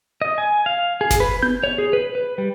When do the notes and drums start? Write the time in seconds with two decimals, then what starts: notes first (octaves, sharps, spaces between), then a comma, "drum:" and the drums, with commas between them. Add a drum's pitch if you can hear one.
0.22 D#5
0.38 G#5
0.66 F5
1.01 G#4
1.11 drum: snare G1
1.20 B4
1.42 G6, drum: tom B3
1.63 C#5
1.78 G#4
1.93 B4
2.15 B4
2.38 G3